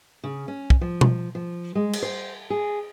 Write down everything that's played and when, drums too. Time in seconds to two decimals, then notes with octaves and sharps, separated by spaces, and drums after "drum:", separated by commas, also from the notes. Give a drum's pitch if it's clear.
0.24 C#3
0.48 C#4
0.70 drum: kick
0.81 F3
1.01 drum: tom B2
1.35 F3
1.75 G#3
1.93 drum: cymbal
2.03 C5
2.50 G#4